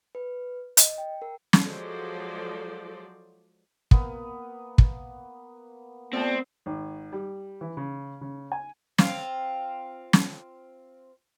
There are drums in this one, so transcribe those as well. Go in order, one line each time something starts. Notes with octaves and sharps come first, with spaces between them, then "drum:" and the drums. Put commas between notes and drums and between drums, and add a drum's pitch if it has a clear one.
B4
D#5, drum: hi-hat
G5
A#4
drum: snare
F3 F#3 G#3 A4 C5 D5
A#3 B3, drum: kick
drum: kick
A3 B3 C4 F4 A4 D5
G#1
G3
E3
C#3
C#3
G#5
C4 F4, drum: snare
drum: snare